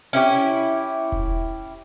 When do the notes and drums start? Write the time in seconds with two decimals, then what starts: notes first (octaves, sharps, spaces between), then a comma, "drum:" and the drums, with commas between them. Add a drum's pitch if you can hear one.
0.13 C#4 E4 G4
1.12 drum: kick E1